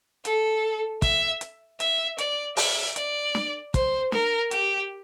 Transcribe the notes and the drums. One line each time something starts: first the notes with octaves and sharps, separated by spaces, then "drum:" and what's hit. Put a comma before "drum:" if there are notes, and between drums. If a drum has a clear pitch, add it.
A4, drum: hi-hat
E5, drum: kick, hi-hat
drum: hi-hat
E5, drum: hi-hat
D5, drum: hi-hat
E5, drum: open hi-hat
D5, drum: hi-hat
drum: snare
C5, drum: kick, hi-hat
A#4, drum: snare
G4, drum: hi-hat